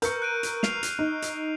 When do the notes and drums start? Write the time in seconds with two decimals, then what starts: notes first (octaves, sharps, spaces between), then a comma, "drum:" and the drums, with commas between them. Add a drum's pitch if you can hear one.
0.02 A#4 B4 C#6 E6 G6 C#7, drum: hi-hat
0.22 F#6 D7 D#7
0.43 drum: hi-hat
0.63 F6 C7 F7, drum: snare
0.83 drum: hi-hat
0.99 D#4
1.22 drum: hi-hat